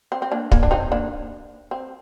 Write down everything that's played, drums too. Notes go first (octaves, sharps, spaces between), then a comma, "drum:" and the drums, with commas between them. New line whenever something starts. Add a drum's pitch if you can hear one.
C4
C4
A#3 D4
A#3, drum: kick
D4
C4 D#4
A#3 D4
C4